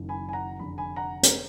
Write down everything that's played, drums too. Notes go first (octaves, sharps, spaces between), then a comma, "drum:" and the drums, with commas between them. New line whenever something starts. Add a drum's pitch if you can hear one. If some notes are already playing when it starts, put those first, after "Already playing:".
Already playing: F#1 F#2 D#3 F#3
G#5 B5
G#5
F#5 A#5
F1 F2 D3 B5
G#5 B5
F#5 A#5
drum: hi-hat